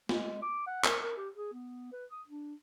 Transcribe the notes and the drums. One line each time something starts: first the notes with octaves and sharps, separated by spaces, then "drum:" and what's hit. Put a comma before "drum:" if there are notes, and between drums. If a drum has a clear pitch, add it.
G#3, drum: snare
D6
F#5
A#4, drum: clap
A#4
G4
G#4
B3
B4
D#6
D4